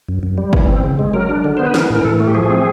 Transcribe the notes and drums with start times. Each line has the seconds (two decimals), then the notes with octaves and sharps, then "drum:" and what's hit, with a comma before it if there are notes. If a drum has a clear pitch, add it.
0.09 F#2
0.23 F#2
0.38 G3
0.53 E3, drum: kick
0.68 C4
0.84 C#3
0.99 G#3
1.14 F#3 A#4
1.29 D4
1.44 D3
1.57 B3 C5
1.66 B4
1.74 E3 A#4, drum: snare
1.90 A2
1.95 A#4
2.04 A2 A4
2.20 A3
2.27 G4
2.35 F3 G#4
2.50 C4